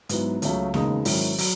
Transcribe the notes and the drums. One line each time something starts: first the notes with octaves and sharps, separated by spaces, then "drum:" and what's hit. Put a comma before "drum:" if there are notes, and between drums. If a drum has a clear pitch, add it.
G#2 F#3 B3 E4, drum: hi-hat
C#2 C#3 F#3 A3 C#4, drum: hi-hat
E1 D#2 C#3 G#3 D#4, drum: snare
G#2 D#3 F#3 C#4 E4, drum: open hi-hat
F#3, drum: open hi-hat